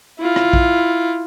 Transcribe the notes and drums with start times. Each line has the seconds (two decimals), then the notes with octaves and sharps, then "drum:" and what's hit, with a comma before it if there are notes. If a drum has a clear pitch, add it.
0.19 E4 F4
0.36 drum: rim click
0.53 drum: kick A#1